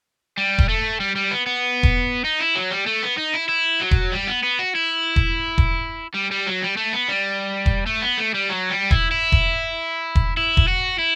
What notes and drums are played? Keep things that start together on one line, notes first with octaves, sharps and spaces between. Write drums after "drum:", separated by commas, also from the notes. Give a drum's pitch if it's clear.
G3
drum: kick E1
A3
G3
G3
B3
B3
drum: kick E1
D#4
E4
F#3
G3
A3
B3
D#4
E4
E4
F#3
drum: kick E1
G3
B3
B3
F#4
E4
drum: kick E1
drum: kick E1
G3
G3
F#3
G3
A3
B3
G3
drum: kick E1
A3
B3
A3
G3
F#3
G3
E4, drum: kick E1
E4
drum: kick E1
drum: kick E1
E4
drum: kick E1
F#4
E4